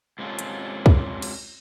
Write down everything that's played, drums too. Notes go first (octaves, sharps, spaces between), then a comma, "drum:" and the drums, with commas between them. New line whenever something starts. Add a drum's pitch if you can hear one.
G#2 C3 A#3 C#4 F4 A4
drum: hi-hat
drum: kick
drum: cymbal